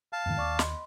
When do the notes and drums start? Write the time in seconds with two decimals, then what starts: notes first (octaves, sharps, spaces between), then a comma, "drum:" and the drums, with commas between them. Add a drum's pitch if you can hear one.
0.13 F5 A5
0.26 F2 G#2 D#3
0.37 D#2 D5 C#6 D6
0.59 D#5 B5 C6, drum: snare